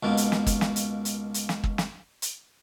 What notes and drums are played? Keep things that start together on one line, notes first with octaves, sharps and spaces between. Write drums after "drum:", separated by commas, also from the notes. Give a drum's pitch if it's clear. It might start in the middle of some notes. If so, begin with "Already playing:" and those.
C#2 B2 A#3
drum: hi-hat
drum: snare
drum: kick, hi-hat
drum: snare
drum: hi-hat
drum: hi-hat
drum: hi-hat
drum: snare
drum: kick
drum: snare
drum: hi-hat